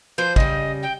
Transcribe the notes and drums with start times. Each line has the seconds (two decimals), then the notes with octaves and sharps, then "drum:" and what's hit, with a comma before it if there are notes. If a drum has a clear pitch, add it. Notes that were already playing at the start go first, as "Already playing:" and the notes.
0.18 F3 B4 C5 G6
0.36 C#3 G3 D#5, drum: kick
0.83 G5